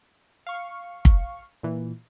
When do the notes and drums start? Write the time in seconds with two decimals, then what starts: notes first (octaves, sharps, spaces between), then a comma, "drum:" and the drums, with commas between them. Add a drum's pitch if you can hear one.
0.47 F5 C#6
1.05 drum: kick
1.63 A#2 E3